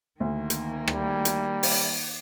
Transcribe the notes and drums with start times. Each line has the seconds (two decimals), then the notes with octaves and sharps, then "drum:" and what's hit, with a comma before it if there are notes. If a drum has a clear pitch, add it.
0.20 D2 D#3 A#3
0.50 drum: hi-hat
0.88 G3, drum: rim click
1.25 drum: hi-hat
1.63 drum: open hi-hat